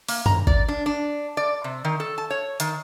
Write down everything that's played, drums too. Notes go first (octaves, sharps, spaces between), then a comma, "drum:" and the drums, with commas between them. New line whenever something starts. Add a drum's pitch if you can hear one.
A#3, drum: open hi-hat
A#5, drum: tom F#2
D5, drum: kick G1
D4
D4
D5
C3
D#3
A4
A5
C#5
D#3, drum: hi-hat